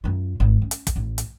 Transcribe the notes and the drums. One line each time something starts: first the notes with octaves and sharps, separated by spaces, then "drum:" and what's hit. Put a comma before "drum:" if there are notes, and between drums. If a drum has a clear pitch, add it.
F#2 F4
G#1
C#4
drum: hi-hat
drum: kick, hi-hat
A1
drum: hi-hat